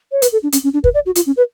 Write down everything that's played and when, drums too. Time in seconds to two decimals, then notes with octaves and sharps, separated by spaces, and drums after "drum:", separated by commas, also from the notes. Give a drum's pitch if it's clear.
0.12 C#5
0.22 B4, drum: hi-hat
0.32 A4
0.43 D4
0.52 C#4, drum: hi-hat
0.64 C#4
0.74 D4
0.84 B4, drum: kick
0.94 D5
1.06 F#4
1.15 F4, drum: hi-hat
1.26 C#4
1.37 B4